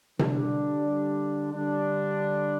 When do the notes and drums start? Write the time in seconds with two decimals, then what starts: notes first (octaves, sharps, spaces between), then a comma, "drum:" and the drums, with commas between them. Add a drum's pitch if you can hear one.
0.19 D3 G3 D4, drum: tom C3
1.52 D3 G3 D4